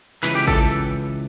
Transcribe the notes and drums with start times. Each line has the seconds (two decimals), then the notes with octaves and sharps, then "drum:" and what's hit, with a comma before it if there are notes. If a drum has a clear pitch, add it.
0.23 C#2 C#3 E3 B4, drum: clap
0.35 G4
0.48 A4, drum: kick G#1, cymbal